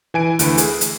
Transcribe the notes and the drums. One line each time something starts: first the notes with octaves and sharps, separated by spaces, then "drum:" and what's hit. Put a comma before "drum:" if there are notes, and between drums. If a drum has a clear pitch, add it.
E3 G#5 D7
D2 E3 B4, drum: hi-hat
G#4, drum: hi-hat
drum: hi-hat